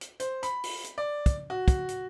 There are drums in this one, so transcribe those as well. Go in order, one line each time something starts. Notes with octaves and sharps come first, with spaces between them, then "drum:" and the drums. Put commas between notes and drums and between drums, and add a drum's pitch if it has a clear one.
drum: hi-hat
C5, drum: hi-hat
B5, drum: hi-hat
drum: open hi-hat
drum: hi-hat
D5
drum: kick, hi-hat
F#4
drum: kick, hi-hat
drum: hi-hat